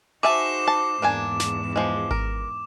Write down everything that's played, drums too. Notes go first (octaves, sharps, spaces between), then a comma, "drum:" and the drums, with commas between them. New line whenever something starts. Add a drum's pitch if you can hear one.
D#4 F#4 G#4 C5 E5 A5 D6 E7
A5
E2 G#2 A#3 D4 G#5
drum: snare
F3 G#3
A#4, drum: kick G#1